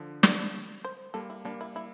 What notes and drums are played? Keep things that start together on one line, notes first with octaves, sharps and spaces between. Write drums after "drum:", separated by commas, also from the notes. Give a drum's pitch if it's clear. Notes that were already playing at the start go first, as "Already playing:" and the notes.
Already playing: D3 F3
D5, drum: snare
C5
G3 A#3 A4
E4
G3 A#3 D4
E4
E4